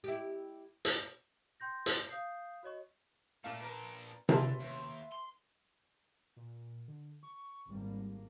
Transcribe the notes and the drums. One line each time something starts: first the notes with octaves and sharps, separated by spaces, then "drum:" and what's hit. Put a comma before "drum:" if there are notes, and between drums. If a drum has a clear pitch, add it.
E4 G4
drum: hi-hat
G5 C6 G6 A#6
drum: hi-hat
F5 D#6 G6 C7
F#4 C#5 D#5 C#6
A#2 A3 F5
A#2 D4 A#4 B4
D3 B4 E5 C6, drum: tom C3
D#2
C6
A#2
D3
C#6
G#1 G3 A#3